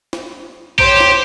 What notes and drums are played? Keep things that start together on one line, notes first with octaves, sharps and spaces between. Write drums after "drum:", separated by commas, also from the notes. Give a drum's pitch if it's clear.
drum: snare
G4 C5 C#5, drum: kick A#1
drum: snare